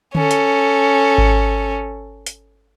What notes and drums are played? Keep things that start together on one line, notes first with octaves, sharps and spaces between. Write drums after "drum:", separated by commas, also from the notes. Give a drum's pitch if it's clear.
C#4 A4, drum: tom D3
drum: hi-hat
drum: kick G#1
drum: hi-hat